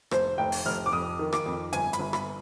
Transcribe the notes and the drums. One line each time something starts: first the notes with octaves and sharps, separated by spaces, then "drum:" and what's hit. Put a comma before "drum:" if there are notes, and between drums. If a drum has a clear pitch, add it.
F1 C5, drum: rim click
F1 G5
drum: open hi-hat
F1 F6
D6
F2 D#6
D#3
D6, drum: rim click
F2
G1 G#5, drum: hi-hat
B5, drum: hi-hat
G1
B5, drum: rim click